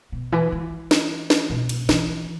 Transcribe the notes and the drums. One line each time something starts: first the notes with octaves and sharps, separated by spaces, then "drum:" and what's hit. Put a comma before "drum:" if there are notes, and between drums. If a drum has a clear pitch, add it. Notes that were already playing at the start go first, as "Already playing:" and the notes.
B2
E3
E3
drum: snare
drum: snare
B2
drum: cymbal
E3, drum: snare